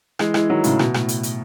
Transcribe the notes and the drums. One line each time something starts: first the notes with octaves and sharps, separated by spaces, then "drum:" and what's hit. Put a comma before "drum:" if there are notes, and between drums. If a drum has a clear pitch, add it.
E3 G#3, drum: rim click
E3 G#3, drum: rim click
D#3 F#3
A2 C#3, drum: hi-hat
B2, drum: rim click
A2, drum: rim click
drum: hi-hat
drum: hi-hat